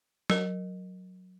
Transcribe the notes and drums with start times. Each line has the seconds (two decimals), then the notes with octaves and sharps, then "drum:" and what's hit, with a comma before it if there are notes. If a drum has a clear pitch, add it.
0.30 F#3 A#4, drum: snare